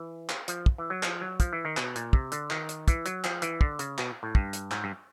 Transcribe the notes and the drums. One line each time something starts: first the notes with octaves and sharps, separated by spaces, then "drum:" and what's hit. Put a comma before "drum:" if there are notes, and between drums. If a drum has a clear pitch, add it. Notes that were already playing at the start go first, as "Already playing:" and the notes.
Already playing: E3
drum: clap
F3, drum: hi-hat
drum: kick
E3
F#3
F3, drum: clap
F#3
F3, drum: kick, hi-hat
E3
D#3
B2, drum: clap
A#2, drum: hi-hat
C3, drum: kick
D3, drum: hi-hat
D#3, drum: clap
drum: hi-hat
E3, drum: kick, hi-hat
F#3, drum: hi-hat
F3, drum: clap
E3, drum: hi-hat
D3, drum: kick
C#3, drum: hi-hat
B2, drum: clap
A2
G2, drum: kick
drum: hi-hat
G#2, drum: clap
G2